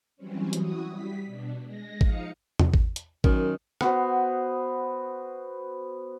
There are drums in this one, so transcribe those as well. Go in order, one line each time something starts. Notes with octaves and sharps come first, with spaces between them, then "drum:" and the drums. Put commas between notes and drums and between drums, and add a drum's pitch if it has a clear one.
E3 F#3 G3 C4 C#4
E4 F#4 D#6, drum: hi-hat
G3 B6
B2 D4
G#3 A#6
F3 D#4 F5 D#6 C#7, drum: kick
drum: tom E2
drum: kick
drum: hi-hat
F#2 D#3, drum: kick
B3 F#4 C5, drum: rim click